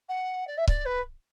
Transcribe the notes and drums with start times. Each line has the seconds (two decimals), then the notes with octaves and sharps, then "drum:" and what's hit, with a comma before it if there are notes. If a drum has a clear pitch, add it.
0.09 F#5
0.47 D5
0.58 E5
0.68 D5, drum: kick C#1
0.86 B4